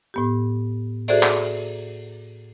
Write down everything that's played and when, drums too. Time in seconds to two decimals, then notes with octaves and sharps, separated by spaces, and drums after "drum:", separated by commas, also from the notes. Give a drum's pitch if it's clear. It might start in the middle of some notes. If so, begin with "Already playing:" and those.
0.14 A2 B3 G4
1.08 F#4 G#4 A4 C5 D5 E5, drum: open hi-hat
1.23 drum: clap